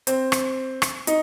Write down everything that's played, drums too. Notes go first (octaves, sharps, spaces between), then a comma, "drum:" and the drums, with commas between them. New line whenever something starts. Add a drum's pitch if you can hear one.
C4, drum: hi-hat
drum: rim click
drum: rim click
D#4, drum: hi-hat